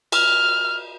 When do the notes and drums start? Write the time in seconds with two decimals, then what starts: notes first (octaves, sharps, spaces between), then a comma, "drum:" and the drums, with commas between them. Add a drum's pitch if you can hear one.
0.12 F6, drum: cymbal